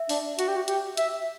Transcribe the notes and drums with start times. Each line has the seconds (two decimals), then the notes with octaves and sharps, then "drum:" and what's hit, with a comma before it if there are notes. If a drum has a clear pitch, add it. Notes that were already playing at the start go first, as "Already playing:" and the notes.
Already playing: E5
0.09 D4, drum: open hi-hat
0.39 F#4, drum: hi-hat
0.48 G4
0.56 F#4
0.68 G4, drum: hi-hat
0.97 E5, drum: hi-hat